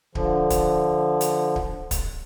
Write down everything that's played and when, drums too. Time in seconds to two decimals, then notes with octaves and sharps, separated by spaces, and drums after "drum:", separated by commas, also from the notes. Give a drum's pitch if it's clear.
0.15 D3 F3, drum: kick D1
0.50 drum: kick D1, hi-hat
1.21 drum: hi-hat
1.56 drum: kick D1
1.91 drum: kick D1, hi-hat